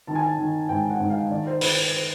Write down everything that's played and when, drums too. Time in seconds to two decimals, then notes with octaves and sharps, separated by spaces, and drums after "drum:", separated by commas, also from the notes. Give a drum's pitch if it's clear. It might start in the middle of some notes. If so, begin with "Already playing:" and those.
0.07 D#3 A5
0.15 G#5
0.23 A5
0.39 D#3
0.69 G#2 G5
0.90 F#5
1.00 G#2
1.10 F5
1.30 D#3 D5
1.47 C5
1.61 D#3 B4, drum: open hi-hat
1.78 C5
1.92 C5